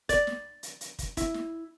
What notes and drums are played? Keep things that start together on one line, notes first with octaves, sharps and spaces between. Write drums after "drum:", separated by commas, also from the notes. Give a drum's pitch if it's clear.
D5, drum: kick, hi-hat
drum: snare
drum: hi-hat
drum: hi-hat
drum: kick, hi-hat
E4, drum: kick, hi-hat
drum: snare